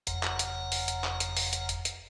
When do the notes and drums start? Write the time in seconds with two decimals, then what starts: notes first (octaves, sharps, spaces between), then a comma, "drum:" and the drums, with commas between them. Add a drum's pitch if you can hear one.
0.07 F#1 F2 F#5 A#5, drum: hi-hat
0.23 drum: clap
0.39 drum: hi-hat
0.72 drum: open hi-hat
0.88 drum: hi-hat
1.04 drum: clap
1.20 drum: hi-hat
1.37 drum: open hi-hat
1.53 drum: hi-hat
1.69 drum: hi-hat
1.85 drum: hi-hat